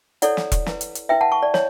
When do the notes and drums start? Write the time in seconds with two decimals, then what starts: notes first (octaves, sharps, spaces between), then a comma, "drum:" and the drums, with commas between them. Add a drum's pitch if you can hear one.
0.22 E4 A4 C#5 D5 F#5, drum: hi-hat
0.37 drum: snare
0.52 drum: kick E1, hi-hat
0.66 E4 B4, drum: snare
0.81 drum: hi-hat
0.95 drum: hi-hat
1.09 E4 B4 E5 G5
1.21 F#5 A5
1.32 A5 C#6
1.43 D5
1.54 E4 C#5, drum: snare